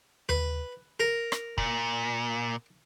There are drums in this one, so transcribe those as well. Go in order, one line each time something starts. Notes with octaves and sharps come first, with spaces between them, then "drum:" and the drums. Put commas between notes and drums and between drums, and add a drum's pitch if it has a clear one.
B4, drum: tom D#2
A#4
drum: rim click
A#2, drum: kick